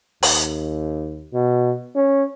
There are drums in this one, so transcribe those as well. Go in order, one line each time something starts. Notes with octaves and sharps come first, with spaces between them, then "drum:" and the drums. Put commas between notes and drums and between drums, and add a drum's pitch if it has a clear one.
D#2, drum: open hi-hat
B2
C#4